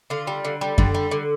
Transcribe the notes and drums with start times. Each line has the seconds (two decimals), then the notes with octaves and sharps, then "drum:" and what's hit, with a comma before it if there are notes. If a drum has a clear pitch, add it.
0.10 D3 F4
0.27 G3
0.45 D3
0.61 G3
0.78 D3, drum: kick F#2
0.95 G3
1.11 D3